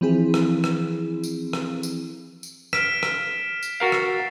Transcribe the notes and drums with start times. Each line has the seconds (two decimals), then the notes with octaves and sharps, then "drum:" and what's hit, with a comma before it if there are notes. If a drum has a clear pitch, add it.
0.01 E3 F3 C4 E4 G#4
0.34 drum: rim click
0.64 drum: rim click
1.24 drum: tambourine
1.53 drum: rim click
1.83 drum: tambourine
2.43 drum: tambourine
2.73 F6 B6 D7 E7, drum: rim click
3.03 drum: rim click
3.62 drum: tambourine
3.80 F#4 A#4 F5 A6 C7
3.92 drum: rim click